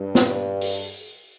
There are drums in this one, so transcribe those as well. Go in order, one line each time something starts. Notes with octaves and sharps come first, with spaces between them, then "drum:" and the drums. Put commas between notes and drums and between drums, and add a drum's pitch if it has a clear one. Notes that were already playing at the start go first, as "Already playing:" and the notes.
Already playing: G2
drum: snare
drum: open hi-hat